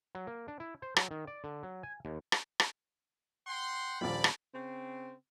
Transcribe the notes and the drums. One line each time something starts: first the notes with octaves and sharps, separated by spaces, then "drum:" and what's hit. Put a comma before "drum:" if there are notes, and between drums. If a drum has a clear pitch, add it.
F#3
A#3
D4
E4
C5
F#3, drum: rim click
D#3
D5
D3
F#3
G#5
D#2
drum: rim click
drum: rim click
F#5 G5 C6
D#1 A#1 D5 B5
drum: rim click
C#3 C4